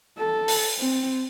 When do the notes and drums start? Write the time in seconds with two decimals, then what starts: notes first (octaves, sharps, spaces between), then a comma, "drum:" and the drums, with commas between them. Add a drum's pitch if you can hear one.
0.19 A4
0.48 drum: open hi-hat
0.78 C4